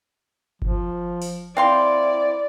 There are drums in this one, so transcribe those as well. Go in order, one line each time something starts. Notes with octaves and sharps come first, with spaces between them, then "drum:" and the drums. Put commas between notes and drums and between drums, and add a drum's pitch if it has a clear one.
F3, drum: kick G1
drum: open hi-hat
C4 E4 D5 F5 C6